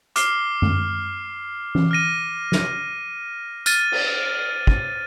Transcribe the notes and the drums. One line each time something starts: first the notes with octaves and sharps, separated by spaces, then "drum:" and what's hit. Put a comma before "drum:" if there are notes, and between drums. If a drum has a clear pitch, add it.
D6 F6 C7 G7, drum: hi-hat
drum: tom F#2
drum: tom E3
F6 A#6 D#7
drum: snare
F6 A6 D#7, drum: tambourine
drum: cymbal
drum: kick